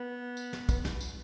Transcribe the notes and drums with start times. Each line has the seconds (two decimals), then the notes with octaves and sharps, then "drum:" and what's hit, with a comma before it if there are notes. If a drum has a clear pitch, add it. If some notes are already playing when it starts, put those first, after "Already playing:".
Already playing: B3
0.37 drum: tambourine
0.53 drum: snare
0.69 drum: kick, tambourine
0.85 drum: snare
1.01 drum: tambourine